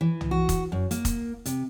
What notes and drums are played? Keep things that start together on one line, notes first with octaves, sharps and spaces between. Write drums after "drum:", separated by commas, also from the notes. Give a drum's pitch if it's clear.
E3
drum: tom
F#4
drum: kick F1, hi-hat
F#2
A#3, drum: hi-hat
drum: kick F1, hi-hat
C3, drum: hi-hat